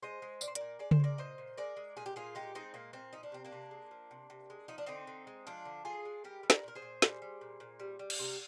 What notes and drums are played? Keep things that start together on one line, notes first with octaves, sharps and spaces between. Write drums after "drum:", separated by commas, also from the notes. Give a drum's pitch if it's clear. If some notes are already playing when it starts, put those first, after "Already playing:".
G#3 C5 D#5
G#3
A#2 D5, drum: tambourine
C5
A#4 D5, drum: hi-hat
A#2
G#3 D5
C5, drum: tom C#3
G#3 A#4 D5
A#2 C5 D#5
A#2
G#3 A#4 D5
G#3
A#2 G#4
G4
A#2 F4 G#4
G#3 D#4 G4
G#3 C4 D#4
A#2 A#3
A#2 C4
F3 D#4
D4
C3 C4
A#3 D4
C3
G#3
F3
C3
C3
G#3
F3 D#4
D4
D3 C4 D#4
D3
G#3
F3 D4 F4
D3
D3 F4 G#4
G#3
G3 G4 A#4
G3
A#4 D5, drum: snare
A#2 A#4
G#4 C5
A#2
G3, drum: snare
G3
A#2
A#2
G3
G3
drum: cymbal
C3